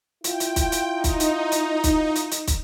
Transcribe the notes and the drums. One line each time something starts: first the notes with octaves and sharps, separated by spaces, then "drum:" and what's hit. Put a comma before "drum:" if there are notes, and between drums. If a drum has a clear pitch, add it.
E4 F4 G5, drum: hi-hat
drum: hi-hat
drum: kick, hi-hat
drum: hi-hat
D#4
drum: kick, hi-hat
drum: hi-hat
drum: hi-hat
drum: kick, hi-hat
drum: hi-hat
drum: hi-hat
drum: kick, hi-hat